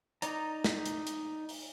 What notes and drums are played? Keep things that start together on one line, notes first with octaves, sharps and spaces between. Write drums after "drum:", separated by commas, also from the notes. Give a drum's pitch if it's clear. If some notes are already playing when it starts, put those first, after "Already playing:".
D#4 D5 A#5, drum: hi-hat
drum: snare
drum: hi-hat
drum: hi-hat
drum: open hi-hat